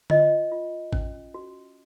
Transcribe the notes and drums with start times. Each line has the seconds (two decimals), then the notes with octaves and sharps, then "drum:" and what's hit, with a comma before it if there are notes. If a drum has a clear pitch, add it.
0.10 F4 D#5, drum: tom D3
0.51 F4
0.93 C#4, drum: kick G#1
1.34 F#4